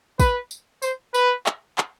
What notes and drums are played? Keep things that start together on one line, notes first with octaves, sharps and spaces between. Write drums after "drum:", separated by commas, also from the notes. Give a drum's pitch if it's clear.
B4, drum: kick, tambourine
drum: tambourine
C5, drum: tambourine
B4, drum: tambourine
drum: clap
drum: clap